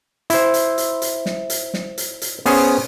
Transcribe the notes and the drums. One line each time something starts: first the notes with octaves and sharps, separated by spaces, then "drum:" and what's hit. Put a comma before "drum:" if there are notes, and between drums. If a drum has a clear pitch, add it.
E4 C5, drum: hi-hat
drum: hi-hat
drum: hi-hat
drum: hi-hat
drum: snare
drum: hi-hat
drum: snare
drum: hi-hat
drum: hi-hat
B3 C#4 G#4 C5 C#5, drum: open hi-hat